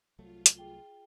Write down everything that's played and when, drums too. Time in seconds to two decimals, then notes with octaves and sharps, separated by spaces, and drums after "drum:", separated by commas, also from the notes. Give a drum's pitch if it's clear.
0.19 C2 F#3 A3 F4
0.46 drum: hi-hat
0.57 G#4 G5 G7